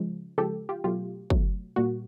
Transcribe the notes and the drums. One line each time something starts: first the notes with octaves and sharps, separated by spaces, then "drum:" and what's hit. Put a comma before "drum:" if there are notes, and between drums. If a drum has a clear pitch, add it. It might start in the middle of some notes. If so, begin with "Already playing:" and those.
Already playing: C#3 F3 G#3
C#3 F3 G#3 G4 A4
F4 G4
B2 F#3 A3 F4 G4
B2 F#3 A3, drum: kick
A#2 G3 A#3 F#4